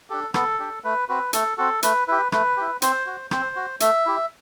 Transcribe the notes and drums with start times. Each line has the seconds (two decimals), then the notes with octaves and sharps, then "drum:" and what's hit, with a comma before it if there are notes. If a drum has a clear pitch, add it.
0.10 D4 G4 A4
0.34 B3 A4, drum: rim click
0.59 D4 G4
0.84 A3 B4
1.09 C4 F#4 B4
1.33 A3 A4, drum: hi-hat
1.58 C4 F#4 A4
1.83 A3 B4, drum: hi-hat
2.08 E4 G4 B4
2.32 A3 B4, drum: rim click
2.57 E4 G4
2.82 C4 C5, drum: hi-hat
3.07 F#4
3.31 C4 C5, drum: rim click
3.56 F#4
3.80 A3 E5, drum: hi-hat
4.06 E4 G4